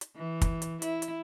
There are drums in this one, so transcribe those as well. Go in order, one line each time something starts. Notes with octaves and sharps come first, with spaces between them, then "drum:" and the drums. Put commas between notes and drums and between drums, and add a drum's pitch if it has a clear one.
drum: hi-hat
E3
drum: kick, hi-hat
drum: hi-hat
E4, drum: hi-hat
drum: hi-hat